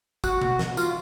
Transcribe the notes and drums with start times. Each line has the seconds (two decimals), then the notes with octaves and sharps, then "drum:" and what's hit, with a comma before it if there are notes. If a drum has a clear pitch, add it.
0.24 F#4, drum: kick, tambourine
0.42 drum: tom B2
0.59 drum: snare
0.77 F4, drum: tambourine